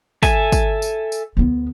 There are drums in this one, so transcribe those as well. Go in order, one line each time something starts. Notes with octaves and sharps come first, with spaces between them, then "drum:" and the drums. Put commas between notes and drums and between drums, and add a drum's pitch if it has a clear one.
A4 E5 G#5, drum: kick, tambourine
drum: kick, tambourine
drum: tambourine
drum: tambourine
D2 B3